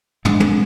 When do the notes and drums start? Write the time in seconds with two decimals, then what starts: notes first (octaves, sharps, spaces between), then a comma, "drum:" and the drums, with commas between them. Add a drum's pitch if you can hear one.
0.25 G#2 B2 G#3 D4, drum: tom
0.40 drum: tom